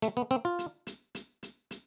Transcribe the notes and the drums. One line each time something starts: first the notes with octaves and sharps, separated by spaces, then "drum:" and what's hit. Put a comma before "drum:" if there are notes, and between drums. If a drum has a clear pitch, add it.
A3, drum: hi-hat
B3
C4
F4
drum: hi-hat
drum: hi-hat
drum: hi-hat
drum: hi-hat
drum: hi-hat